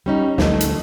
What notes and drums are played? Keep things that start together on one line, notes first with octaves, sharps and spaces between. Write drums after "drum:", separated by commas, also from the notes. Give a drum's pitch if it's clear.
G3 C#4 D#4
D2 F3 G3 A3 D#4 D#5, drum: snare
drum: hi-hat